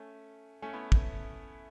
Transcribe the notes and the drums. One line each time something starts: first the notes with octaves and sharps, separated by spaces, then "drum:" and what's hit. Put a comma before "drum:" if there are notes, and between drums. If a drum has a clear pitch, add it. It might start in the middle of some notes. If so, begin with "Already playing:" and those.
Already playing: A3 C#4
A3 C#4
B3 E4
drum: kick